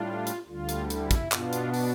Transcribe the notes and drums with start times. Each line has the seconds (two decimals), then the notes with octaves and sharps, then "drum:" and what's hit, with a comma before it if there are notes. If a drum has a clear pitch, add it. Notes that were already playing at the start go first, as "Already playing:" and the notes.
Already playing: A2 G3 D4 F4
0.27 drum: hi-hat
0.47 D2 D3 G3 F4
0.69 drum: hi-hat
0.90 E4, drum: hi-hat
1.11 drum: kick, hi-hat
1.32 B2 B3 D4 F4, drum: clap
1.53 drum: hi-hat
1.74 drum: open hi-hat